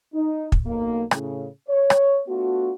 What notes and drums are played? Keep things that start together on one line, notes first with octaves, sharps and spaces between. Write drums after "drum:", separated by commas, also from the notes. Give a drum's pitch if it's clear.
D#4
drum: kick
B1 A#3
A2 C#3, drum: rim click
C#5
drum: rim click
A3 B3 D4 F4 F#4